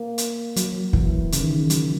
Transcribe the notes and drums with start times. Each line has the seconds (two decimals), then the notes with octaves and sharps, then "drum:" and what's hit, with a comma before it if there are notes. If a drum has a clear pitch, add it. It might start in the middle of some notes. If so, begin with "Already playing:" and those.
Already playing: A#3
0.18 drum: hi-hat
0.56 F#3, drum: hi-hat
0.93 E3, drum: kick
1.32 C#3, drum: hi-hat
1.41 D#3
1.51 C#3
1.60 D#3
1.70 F#3, drum: hi-hat